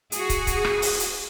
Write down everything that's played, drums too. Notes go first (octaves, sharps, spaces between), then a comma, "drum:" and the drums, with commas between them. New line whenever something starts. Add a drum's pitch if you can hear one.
F#4 G#4, drum: hi-hat
drum: kick, hi-hat
drum: kick, hi-hat
drum: rim click
drum: open hi-hat
drum: hi-hat